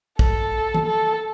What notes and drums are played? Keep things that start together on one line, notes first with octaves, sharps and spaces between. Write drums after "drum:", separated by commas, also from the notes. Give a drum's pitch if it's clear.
A4, drum: kick
drum: tom
A4